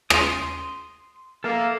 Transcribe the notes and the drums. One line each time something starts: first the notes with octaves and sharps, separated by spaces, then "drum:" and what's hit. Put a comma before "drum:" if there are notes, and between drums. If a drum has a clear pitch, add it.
C6 D#6, drum: rim click
A#3 A4 E5 F5